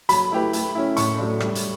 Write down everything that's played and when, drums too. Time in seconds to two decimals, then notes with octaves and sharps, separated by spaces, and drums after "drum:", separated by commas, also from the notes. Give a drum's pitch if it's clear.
0.09 F#3 B5, drum: hi-hat
0.31 A3 E4 G4 B4
0.53 A3, drum: hi-hat
0.75 C#4 E4
0.97 A2 C#6, drum: hi-hat
1.19 F#3 A3 D4
1.40 G3, drum: rim click
1.55 drum: hi-hat